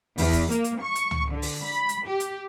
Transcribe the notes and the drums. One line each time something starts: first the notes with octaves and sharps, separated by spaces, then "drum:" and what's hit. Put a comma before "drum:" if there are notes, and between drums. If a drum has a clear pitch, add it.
E2, drum: open hi-hat
drum: kick, hi-hat
A#3, drum: hi-hat
drum: hi-hat
C#6
drum: hi-hat
drum: tom C#2
D3
drum: open hi-hat
B5
drum: hi-hat
G4
drum: hi-hat